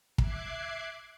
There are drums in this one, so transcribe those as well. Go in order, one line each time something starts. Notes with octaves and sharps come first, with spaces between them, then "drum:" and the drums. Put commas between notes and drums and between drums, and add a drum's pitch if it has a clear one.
E5 D6 F#6 G#6 C7, drum: kick